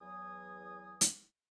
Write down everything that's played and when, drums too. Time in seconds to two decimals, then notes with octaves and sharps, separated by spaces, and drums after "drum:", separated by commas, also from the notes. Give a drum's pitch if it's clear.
0.01 E2 F#3 G#5 D#6
1.01 drum: hi-hat